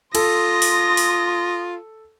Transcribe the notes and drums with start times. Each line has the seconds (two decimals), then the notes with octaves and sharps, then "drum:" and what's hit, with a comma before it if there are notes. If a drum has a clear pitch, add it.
0.15 F4 A4 C6 D#6 A#6, drum: cymbal
0.62 drum: open hi-hat
0.97 drum: open hi-hat